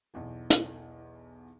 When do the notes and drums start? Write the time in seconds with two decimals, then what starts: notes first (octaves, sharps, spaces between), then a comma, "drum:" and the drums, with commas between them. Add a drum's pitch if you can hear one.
0.14 B1 E2 E3
0.50 drum: hi-hat